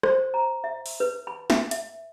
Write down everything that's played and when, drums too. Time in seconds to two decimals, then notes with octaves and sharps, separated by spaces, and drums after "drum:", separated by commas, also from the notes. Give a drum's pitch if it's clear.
0.03 C5, drum: rim click
0.34 A#5
0.64 E5
0.86 drum: open hi-hat
1.00 B4
1.27 B5
1.50 E5, drum: snare
1.71 E5, drum: hi-hat